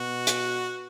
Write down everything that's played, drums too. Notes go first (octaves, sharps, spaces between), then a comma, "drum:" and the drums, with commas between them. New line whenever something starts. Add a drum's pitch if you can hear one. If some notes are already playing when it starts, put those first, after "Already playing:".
Already playing: B2 F#4
drum: hi-hat